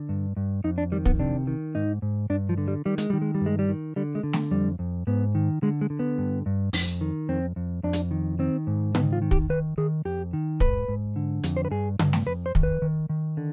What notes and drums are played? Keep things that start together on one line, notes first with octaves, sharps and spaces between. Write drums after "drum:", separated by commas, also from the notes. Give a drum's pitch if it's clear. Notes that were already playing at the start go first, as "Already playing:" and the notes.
Already playing: D3
G2
G2
F2 D#4
D4
D#3 G3
B3, drum: kick
C3 D4
D#3
G#2 D#4
G#2
G2 D4
F3
D3
G3
D#3 G3
G#3, drum: hi-hat
D#3 G3
G#3
G3
G2
G#3
G3
D#3
D3 G3
G#3
D3
drum: snare A3
F2 G3
F2
G#2 B3
D#3
D3 G#3
G#3
D3
B3
G2
G2
F2, drum: open hi-hat
D#3
F2 C4
F2
F2 D4
drum: hi-hat
D#3
D#3 C4
G#2
D#3 B3, drum: tom C#3
F4
D#3
G4, drum: kick
D#3 B4
D#3 G#4
F2 G4
D#3
G#2 B4, drum: kick
G#2
D3
F2, drum: hi-hat
C5
B4
G2 G#4
G2, drum: tom C#3
drum: snare A3
F2 B4
C5
D#3, drum: kick
B4
D#3
D#3
D3